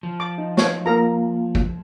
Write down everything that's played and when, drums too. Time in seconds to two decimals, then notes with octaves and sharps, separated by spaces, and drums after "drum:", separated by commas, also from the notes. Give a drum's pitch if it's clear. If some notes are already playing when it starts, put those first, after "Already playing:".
0.03 F3
0.20 D6
0.38 D#4
0.57 C#5, drum: snare
0.86 A#3 F4 A#4 A#5
1.55 drum: kick